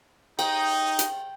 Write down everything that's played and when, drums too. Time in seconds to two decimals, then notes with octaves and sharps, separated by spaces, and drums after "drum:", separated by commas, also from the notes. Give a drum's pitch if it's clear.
0.39 D#4 G5, drum: cymbal
0.99 drum: hi-hat